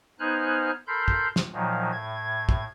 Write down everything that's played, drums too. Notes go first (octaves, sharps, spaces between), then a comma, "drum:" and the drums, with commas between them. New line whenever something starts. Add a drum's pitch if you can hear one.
B3 D#4 C5 G#5 F6 F#6
A4 A#4 B5 C6 G6
drum: kick
drum: snare
A#2 D#3 F3 F#3
A2 G#6
drum: kick